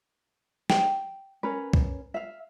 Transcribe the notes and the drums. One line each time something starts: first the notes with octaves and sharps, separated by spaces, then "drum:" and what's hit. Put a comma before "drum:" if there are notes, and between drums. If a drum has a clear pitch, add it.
G5, drum: snare
C#4 A#4 B4
drum: kick
E5 F5